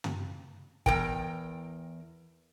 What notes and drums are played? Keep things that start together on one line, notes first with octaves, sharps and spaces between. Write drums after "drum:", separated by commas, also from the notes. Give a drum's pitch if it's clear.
drum: tom
E2 A#4 G5, drum: kick